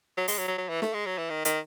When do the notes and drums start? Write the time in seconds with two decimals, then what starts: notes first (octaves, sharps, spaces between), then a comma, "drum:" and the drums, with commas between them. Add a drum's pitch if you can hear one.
0.17 F#3
0.28 G#3, drum: open hi-hat
0.38 F#3
0.48 F#3
0.58 F#3
0.69 E3
0.82 A3, drum: snare
0.94 G#3
1.06 F#3
1.18 E3
1.30 D#3
1.45 D#3, drum: hi-hat